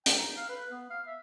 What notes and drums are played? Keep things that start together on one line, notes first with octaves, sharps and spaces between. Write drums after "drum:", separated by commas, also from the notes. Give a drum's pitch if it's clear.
G5, drum: hi-hat
D#4
F5
B4
B3
F5
E5